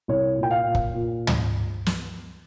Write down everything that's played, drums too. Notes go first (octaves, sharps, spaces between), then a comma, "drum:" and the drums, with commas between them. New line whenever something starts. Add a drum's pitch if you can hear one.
C2 C#5
A#2
G5
F5
A#2
drum: kick
A#2
drum: tom
drum: snare